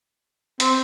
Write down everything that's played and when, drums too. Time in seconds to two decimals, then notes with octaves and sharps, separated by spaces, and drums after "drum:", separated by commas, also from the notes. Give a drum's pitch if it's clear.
0.60 C4, drum: hi-hat